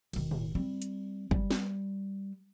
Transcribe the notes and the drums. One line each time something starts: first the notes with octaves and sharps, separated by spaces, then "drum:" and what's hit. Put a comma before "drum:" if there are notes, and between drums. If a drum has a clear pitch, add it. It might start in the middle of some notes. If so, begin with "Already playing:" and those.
E1 D#3, drum: cymbal
drum: tom
G3 C4
drum: hi-hat
G3, drum: kick
drum: snare